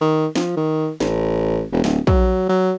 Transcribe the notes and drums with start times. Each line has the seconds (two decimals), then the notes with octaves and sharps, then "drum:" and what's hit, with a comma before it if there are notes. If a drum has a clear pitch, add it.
0.01 D#3
0.35 F3, drum: snare
0.57 D#3
1.00 A1, drum: snare
1.72 E1
1.84 D1, drum: snare
2.07 F#3, drum: kick
2.49 F#3